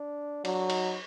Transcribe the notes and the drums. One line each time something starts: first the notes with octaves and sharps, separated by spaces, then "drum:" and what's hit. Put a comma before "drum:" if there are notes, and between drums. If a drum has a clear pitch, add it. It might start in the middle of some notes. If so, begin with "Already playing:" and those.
Already playing: D4
F#3 D4, drum: cymbal
D#4, drum: cymbal